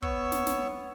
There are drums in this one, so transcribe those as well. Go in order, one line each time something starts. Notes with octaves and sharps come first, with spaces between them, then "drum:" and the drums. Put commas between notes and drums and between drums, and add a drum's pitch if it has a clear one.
B3 C#5 C#6 E6, drum: kick
drum: snare
drum: snare